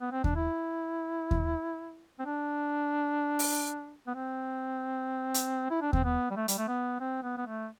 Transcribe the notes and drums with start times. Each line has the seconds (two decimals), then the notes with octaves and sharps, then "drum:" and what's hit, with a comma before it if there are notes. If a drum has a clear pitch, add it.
0.01 B3
0.12 C4
0.24 D4, drum: kick D#2
0.36 E4
1.31 drum: kick D#2
2.19 C4
2.25 D4
3.39 drum: open hi-hat
4.07 B3
4.15 C4
5.34 drum: hi-hat
5.71 E4
5.82 D4
5.93 C4, drum: kick D#2
6.05 B3
6.31 G3
6.36 A3
6.48 G3, drum: hi-hat
6.58 A3
6.68 B3
7.00 C4
7.23 B3
7.37 B3
7.47 A3